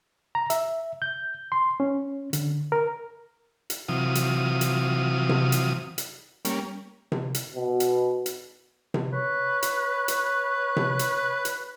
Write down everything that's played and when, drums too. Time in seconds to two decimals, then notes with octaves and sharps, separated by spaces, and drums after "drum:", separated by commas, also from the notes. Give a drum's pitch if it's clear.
0.35 A#5
0.50 E5, drum: hi-hat
1.02 G6
1.52 C6
1.80 C#4
2.33 D3, drum: hi-hat
2.72 A#4
3.70 drum: hi-hat
3.89 C3 E3 F#3 F4 D#6
4.15 drum: hi-hat
4.61 drum: hi-hat
5.29 drum: tom C3
5.52 drum: hi-hat
5.98 drum: hi-hat
6.45 G3 A#3 C#4, drum: hi-hat
7.12 drum: tom C3
7.35 drum: hi-hat
7.56 B2
7.80 drum: hi-hat
8.26 drum: hi-hat
8.94 drum: tom C3
9.13 B4 C#5
9.62 drum: hi-hat
10.08 drum: hi-hat
10.76 drum: tom C3
10.99 drum: hi-hat
11.45 drum: hi-hat